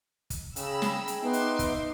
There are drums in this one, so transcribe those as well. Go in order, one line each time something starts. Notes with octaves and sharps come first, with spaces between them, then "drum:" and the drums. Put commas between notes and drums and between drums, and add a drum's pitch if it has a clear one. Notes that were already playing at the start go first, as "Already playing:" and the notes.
drum: kick, hi-hat
C#3 G#4 G5 A#5 B5 E6, drum: hi-hat
drum: snare
drum: hi-hat
B3 D#4 E5 C6 D6
drum: hi-hat
drum: kick, hi-hat